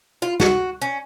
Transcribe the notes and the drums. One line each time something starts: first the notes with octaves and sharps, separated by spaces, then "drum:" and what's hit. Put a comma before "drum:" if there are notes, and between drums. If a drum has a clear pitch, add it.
F4
F#4, drum: snare
C#4